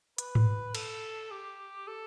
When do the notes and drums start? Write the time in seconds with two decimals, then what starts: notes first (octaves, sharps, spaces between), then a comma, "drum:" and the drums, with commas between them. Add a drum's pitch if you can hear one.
0.18 B4, drum: hi-hat
0.35 drum: tom G#2
0.75 A4, drum: cymbal
1.31 G4
1.88 A4